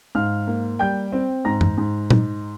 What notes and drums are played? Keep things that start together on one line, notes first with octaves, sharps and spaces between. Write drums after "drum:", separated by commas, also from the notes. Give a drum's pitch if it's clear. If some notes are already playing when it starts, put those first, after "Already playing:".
G#2 F5 F6
A#3
G3 G5 G6
C4
G#2 A#5 A#6
drum: tom F#2
G#2
D#4, drum: tom A#2